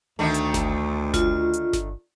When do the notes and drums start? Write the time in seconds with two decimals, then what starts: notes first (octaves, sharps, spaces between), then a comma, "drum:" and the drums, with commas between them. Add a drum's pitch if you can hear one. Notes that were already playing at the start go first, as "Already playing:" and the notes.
0.19 D2 D3 D#3 A3
0.34 drum: hi-hat
0.54 drum: snare G1
1.14 F4, drum: snare G1
1.53 drum: hi-hat
1.73 drum: snare G1